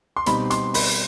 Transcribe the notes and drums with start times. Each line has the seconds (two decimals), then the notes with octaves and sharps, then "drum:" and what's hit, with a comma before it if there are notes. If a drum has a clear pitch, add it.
0.16 C6
0.26 B2 G3 C4 D#4 B5, drum: hi-hat
0.50 C6, drum: hi-hat
0.74 B5, drum: open hi-hat